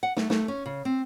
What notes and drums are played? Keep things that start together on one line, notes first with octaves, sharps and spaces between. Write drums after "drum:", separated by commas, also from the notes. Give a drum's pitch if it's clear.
F#5
A3, drum: snare
A3, drum: snare
C#4
C#3
C4